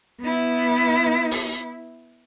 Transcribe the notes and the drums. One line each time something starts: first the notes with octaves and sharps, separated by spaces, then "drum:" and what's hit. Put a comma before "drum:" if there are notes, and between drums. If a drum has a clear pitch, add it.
B3 E4
drum: open hi-hat